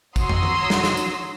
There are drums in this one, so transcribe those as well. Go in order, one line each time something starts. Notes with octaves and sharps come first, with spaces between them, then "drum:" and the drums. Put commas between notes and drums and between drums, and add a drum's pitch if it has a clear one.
F#4 C#5 A#5 C6 D#6 E6, drum: kick, tambourine
drum: tom
drum: tom D#3
drum: snare
drum: snare
drum: tambourine